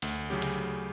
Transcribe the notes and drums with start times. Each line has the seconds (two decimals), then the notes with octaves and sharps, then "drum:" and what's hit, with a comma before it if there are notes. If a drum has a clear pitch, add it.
0.02 D2, drum: open hi-hat
0.30 C#3 F#3 C#4 G4
0.42 drum: hi-hat
0.57 D2